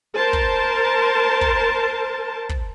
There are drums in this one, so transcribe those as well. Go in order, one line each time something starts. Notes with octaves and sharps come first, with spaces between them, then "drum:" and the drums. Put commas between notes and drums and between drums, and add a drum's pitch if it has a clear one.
A#4 C5 A5
drum: kick
drum: kick
drum: kick